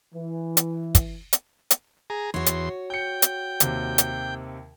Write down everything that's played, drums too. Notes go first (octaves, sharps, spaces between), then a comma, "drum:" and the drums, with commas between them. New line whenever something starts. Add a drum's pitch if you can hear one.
E3
drum: hi-hat
drum: kick, hi-hat
drum: hi-hat
drum: hi-hat
G#4 A#5
E2 F#4 C#5 C6
drum: hi-hat
G5 G6 C#7
drum: hi-hat
D#2 C3, drum: hi-hat
drum: hi-hat